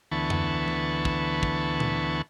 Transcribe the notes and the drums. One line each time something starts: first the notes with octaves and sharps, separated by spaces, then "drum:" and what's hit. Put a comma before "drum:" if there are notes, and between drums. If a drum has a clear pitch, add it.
D2 E3 B3 A5 C#6
drum: tom F2
drum: tom D3
drum: kick
drum: kick
drum: tom A#2